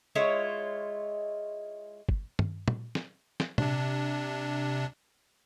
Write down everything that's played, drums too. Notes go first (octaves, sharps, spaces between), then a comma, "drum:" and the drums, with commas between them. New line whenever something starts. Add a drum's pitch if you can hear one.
G#3 E4 F4 C#5
drum: kick
drum: tom
drum: tom
drum: snare
drum: snare
C3 D4, drum: tom